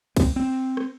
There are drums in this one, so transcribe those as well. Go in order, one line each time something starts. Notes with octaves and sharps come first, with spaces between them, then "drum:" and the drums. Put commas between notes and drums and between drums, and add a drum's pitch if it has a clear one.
C4, drum: kick C2, cymbal
C4
drum: rim click